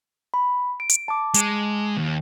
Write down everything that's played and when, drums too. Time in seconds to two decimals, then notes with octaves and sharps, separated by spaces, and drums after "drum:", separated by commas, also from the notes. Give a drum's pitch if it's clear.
0.34 B5
0.80 D7
0.89 drum: hi-hat
1.08 A5 D6
1.34 G#3, drum: hi-hat
1.97 D#2